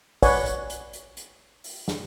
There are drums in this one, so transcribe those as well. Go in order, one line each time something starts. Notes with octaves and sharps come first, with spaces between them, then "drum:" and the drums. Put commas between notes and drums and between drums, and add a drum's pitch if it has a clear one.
B4 C#5 D5 F#5 G#5, drum: kick, open hi-hat
drum: hi-hat
drum: hi-hat
drum: hi-hat
drum: hi-hat
drum: open hi-hat
drum: snare